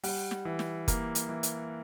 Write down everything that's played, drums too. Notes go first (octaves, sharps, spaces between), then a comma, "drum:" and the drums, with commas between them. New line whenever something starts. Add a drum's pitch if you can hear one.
G3 F#5, drum: open hi-hat
drum: snare
E3
drum: snare
A#3, drum: kick F#1, hi-hat
drum: hi-hat
E3
drum: hi-hat